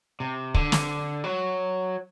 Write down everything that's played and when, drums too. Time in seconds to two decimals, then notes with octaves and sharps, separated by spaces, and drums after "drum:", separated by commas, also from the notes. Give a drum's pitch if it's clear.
0.20 C3
0.54 D3, drum: kick
0.72 drum: snare
1.24 F#3